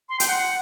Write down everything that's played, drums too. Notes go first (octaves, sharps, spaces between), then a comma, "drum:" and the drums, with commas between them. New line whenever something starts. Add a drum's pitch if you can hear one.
C6
G5, drum: hi-hat
F#5